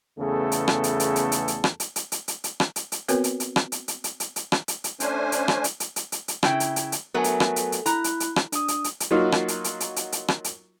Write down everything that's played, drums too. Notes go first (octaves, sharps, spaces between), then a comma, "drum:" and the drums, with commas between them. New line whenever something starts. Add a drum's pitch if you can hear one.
E2 C#3 A3 B3 G#4 A4
drum: hi-hat
drum: rim click
drum: hi-hat
drum: hi-hat
drum: hi-hat
drum: hi-hat
drum: hi-hat
drum: rim click
drum: hi-hat
drum: hi-hat
drum: hi-hat
drum: hi-hat
drum: hi-hat
drum: rim click
drum: hi-hat
drum: hi-hat
B3 C4 F#4 A#4 B4 C#5, drum: hi-hat
drum: hi-hat
drum: hi-hat
drum: rim click
drum: hi-hat
drum: hi-hat
drum: hi-hat
drum: hi-hat
drum: hi-hat
drum: rim click
drum: hi-hat
drum: hi-hat
A3 C#4 D4 C5 G#5, drum: hi-hat
drum: hi-hat
drum: rim click
drum: hi-hat
drum: hi-hat
drum: hi-hat
drum: hi-hat
drum: hi-hat
C#3 E4 G5, drum: rim click
drum: hi-hat
drum: hi-hat
drum: hi-hat
F#3 A3 B3 A#4 G#5
drum: hi-hat
drum: rim click
drum: hi-hat
drum: hi-hat
E4 A#5 B5 F#6, drum: hi-hat
drum: hi-hat
drum: hi-hat
drum: rim click
D4 D#6, drum: hi-hat
drum: hi-hat
drum: hi-hat
drum: hi-hat
F#3 A#3 D#4 F4 F#4
drum: rim click
drum: hi-hat
drum: hi-hat
drum: hi-hat
drum: hi-hat
drum: hi-hat
drum: rim click
drum: hi-hat